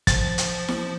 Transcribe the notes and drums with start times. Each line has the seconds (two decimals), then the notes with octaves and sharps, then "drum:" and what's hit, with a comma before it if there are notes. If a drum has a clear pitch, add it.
0.07 F3 A6, drum: kick, hi-hat
0.38 drum: hi-hat
0.68 drum: snare E4